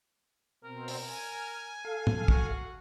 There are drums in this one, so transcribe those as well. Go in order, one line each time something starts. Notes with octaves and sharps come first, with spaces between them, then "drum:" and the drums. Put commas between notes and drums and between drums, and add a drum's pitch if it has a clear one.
B2 C4 A#4
drum: open hi-hat
G#5
A4 F5
drum: tom G#2
F#4, drum: kick